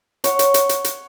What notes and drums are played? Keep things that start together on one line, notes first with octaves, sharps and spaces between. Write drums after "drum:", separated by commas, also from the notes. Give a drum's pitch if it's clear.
C#5 F#5, drum: hi-hat
drum: hi-hat
drum: hi-hat
drum: hi-hat
drum: hi-hat